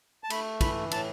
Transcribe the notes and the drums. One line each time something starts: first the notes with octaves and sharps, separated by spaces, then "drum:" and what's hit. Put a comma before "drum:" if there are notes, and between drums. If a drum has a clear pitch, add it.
A5
A3 B5, drum: cymbal
E3 B5, drum: kick, cymbal
A2 A5, drum: cymbal